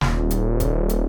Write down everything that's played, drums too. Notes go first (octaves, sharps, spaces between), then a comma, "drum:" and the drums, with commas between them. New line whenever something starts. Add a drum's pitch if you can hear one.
D#1, drum: snare
drum: hi-hat
drum: kick, hi-hat
drum: hi-hat